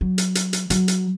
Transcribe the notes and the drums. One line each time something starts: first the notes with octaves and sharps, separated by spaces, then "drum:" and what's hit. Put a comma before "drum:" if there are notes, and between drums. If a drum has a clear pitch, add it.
F#3
drum: hi-hat
drum: hi-hat
drum: hi-hat
F#3, drum: hi-hat
drum: hi-hat